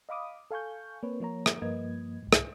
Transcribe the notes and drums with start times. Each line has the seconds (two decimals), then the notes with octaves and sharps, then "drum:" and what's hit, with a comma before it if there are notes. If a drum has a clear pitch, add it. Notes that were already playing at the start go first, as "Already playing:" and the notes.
0.09 D#5 F5 B5 D6 D#6
0.51 A4 F5 G#5 C#6 G6
1.03 A#3 C4 B4 C#5
1.20 F3 A#3 C#5 A#5
1.46 drum: rim click
1.62 G2 F3 A#3 B4 D#5 G#6
2.23 C2 G#2
2.33 drum: rim click